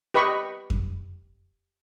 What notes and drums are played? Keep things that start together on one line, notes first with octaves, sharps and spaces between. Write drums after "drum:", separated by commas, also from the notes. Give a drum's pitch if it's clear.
G4 B4 D#5 B5 C#6
drum: kick F2